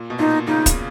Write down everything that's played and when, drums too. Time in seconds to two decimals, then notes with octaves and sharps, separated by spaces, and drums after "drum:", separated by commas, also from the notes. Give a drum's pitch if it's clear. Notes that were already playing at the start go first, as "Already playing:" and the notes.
Already playing: A#2
0.10 B2
0.19 A#2 D#4
0.47 A#2 C#3 D#4
0.66 drum: kick, hi-hat